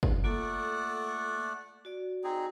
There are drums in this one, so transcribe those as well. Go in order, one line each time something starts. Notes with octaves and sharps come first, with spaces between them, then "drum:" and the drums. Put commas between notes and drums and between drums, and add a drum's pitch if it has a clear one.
drum: kick
A3 A#3 F4 A4 D5 F#5
F#4 D5
C4 D#4 G#4